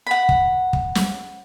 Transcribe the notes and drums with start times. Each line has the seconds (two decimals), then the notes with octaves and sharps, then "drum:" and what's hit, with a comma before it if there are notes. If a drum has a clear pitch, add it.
0.07 F#5 B5
0.29 drum: kick
0.73 drum: kick
0.95 drum: snare